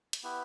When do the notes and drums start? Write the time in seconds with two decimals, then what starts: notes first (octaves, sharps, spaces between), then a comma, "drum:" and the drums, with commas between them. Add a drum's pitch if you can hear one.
0.13 drum: hi-hat
0.23 B3 E4 G4 B4